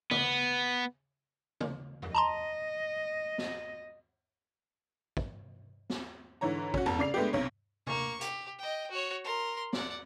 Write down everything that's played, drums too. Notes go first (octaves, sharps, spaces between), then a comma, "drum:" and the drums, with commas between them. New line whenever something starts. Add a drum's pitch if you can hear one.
B3, drum: tom C#3
drum: tom C#3
drum: tom F2
D#5 A5 A#5 C6
drum: snare
drum: kick
drum: snare
G#2 D3 E3 C#5 A#5
C#4 F#4, drum: kick
F1 E2 A5
C#3 D5 C7 F7
G#3 A3 B3 D4 G4
B1 C3 C#5
A#3 C#6, drum: tom C3
G4, drum: hi-hat
D#5 G5
F#4 C#5
A#4 C6
D5 F#5, drum: snare